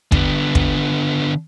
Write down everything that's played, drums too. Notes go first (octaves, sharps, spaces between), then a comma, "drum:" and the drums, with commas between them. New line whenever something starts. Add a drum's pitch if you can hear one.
D3 B3, drum: kick
drum: kick